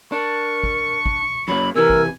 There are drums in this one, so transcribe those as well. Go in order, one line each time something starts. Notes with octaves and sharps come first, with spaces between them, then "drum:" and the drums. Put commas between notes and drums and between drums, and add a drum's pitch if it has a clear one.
D4 A#4 C#6
drum: kick
drum: kick
F#2 F#3 A#3 B5
C3 E3 A#4 G#5 E6
drum: kick